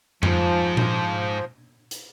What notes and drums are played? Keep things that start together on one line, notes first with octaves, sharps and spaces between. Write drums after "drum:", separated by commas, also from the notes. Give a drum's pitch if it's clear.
G#2 F3, drum: tom F2
drum: tom A#2
drum: hi-hat